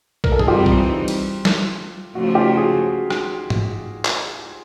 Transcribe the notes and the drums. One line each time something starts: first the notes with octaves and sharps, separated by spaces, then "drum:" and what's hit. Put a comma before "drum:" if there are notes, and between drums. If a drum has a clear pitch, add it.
A#4, drum: kick A#1
A4
G#4, drum: tom G2
E3 G3 C4 D#4 F4 G4
drum: kick A#1
drum: cymbal
drum: snare
C#3 F3 A3 F#4
F4 G4
F#4 G#4
drum: rim click
drum: tom G#2
drum: clap